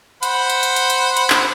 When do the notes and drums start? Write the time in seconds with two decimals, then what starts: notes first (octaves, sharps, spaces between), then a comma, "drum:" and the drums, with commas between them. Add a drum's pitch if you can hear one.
0.23 C5 F#5 B5, drum: hi-hat
0.50 drum: hi-hat
0.63 drum: hi-hat
0.76 drum: hi-hat
0.90 drum: hi-hat
1.17 drum: hi-hat
1.30 drum: clap